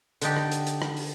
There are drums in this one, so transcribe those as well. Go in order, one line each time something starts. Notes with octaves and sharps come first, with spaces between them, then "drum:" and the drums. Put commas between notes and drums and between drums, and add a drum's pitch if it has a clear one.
D3 D#4 G4, drum: hi-hat
drum: rim click
drum: hi-hat
drum: hi-hat
drum: rim click
drum: open hi-hat